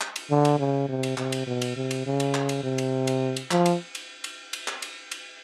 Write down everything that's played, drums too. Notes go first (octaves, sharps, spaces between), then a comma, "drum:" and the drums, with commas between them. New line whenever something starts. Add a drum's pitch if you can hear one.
drum: clap
drum: cymbal
D3
drum: cymbal
C#3
C3
drum: cymbal
C3, drum: clap
drum: cymbal
B2
drum: cymbal
C3
drum: cymbal
C#3
drum: cymbal
drum: clap
drum: cymbal
C3
drum: cymbal
drum: cymbal
drum: cymbal
F3, drum: clap
drum: cymbal
drum: cymbal
drum: cymbal
drum: cymbal
drum: clap
drum: cymbal
drum: cymbal